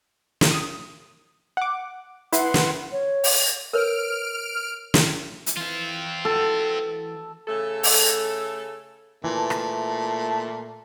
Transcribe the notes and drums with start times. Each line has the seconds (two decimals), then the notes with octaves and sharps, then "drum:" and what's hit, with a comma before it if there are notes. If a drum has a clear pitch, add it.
0.41 drum: snare
0.51 D#6
1.57 F#5 D6
2.33 E4 B4 F#5 C6, drum: hi-hat
2.54 drum: snare
2.92 C#5
3.24 drum: open hi-hat
3.73 A#4 B4 C#5 F6 D7
4.94 drum: snare
5.46 drum: hi-hat
5.57 E3 C4 F4
6.25 A4
7.48 C#3 A3 A4
7.83 drum: open hi-hat
9.24 A#2 E3 A3 A5
9.50 drum: rim click